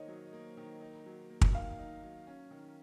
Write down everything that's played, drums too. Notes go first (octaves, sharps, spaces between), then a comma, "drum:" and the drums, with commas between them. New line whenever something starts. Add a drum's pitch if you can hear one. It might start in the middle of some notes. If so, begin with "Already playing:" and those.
Already playing: D#3 A#3 D#4 C5 C#5 D#5
F#3
A#3
D#3
D#4
F#3
A#3
drum: kick
D#3 F5
D#4
F#3
C#4
D#3